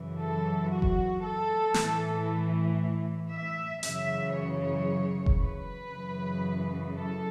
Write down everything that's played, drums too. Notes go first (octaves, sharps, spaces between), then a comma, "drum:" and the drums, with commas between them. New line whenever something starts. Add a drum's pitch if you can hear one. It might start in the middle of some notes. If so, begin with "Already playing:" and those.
Already playing: F#2 C#3 E3
A4
F#4
drum: kick F1
A4
A2 E3, drum: snare
E5
F#2 C#3 E3 E5, drum: hi-hat
C#5
drum: kick F1
B4
F#2 C#3 E3
A4